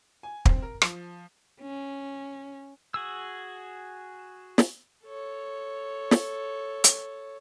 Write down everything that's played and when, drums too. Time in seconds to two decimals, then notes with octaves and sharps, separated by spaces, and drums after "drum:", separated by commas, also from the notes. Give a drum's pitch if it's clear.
0.23 G#5
0.45 C4, drum: kick
0.62 A#4
0.82 F3, drum: rim click
1.61 C#4
2.94 F#4 G#4 E6
4.58 drum: snare
5.04 A4 C#5
6.11 drum: snare
6.84 drum: hi-hat